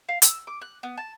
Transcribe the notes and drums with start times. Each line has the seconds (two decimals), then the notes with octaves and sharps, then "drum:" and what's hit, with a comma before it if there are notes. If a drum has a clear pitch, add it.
0.09 F5
0.22 E6, drum: hi-hat
0.47 D6
0.62 F#6
0.83 B3
0.98 A5